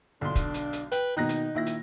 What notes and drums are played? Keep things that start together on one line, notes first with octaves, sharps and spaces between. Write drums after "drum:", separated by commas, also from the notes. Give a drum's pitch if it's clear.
B1 D3 D4 C6
drum: kick, hi-hat
drum: hi-hat
drum: hi-hat
B4 G5, drum: hi-hat
B2 D#3 D#4 A#5 F#6 A#6
drum: hi-hat
A#2 D#3 E4 A#6
drum: hi-hat